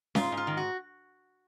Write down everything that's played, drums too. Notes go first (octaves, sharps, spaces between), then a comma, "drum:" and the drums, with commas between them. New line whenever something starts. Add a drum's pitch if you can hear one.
G#2 F4, drum: snare C#4
G#2
F4
D#3
F#4